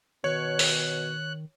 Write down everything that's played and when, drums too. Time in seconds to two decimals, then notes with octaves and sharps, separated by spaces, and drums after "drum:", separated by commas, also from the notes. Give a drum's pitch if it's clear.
0.24 B2 D#3 C#5 F#6
0.59 drum: open hi-hat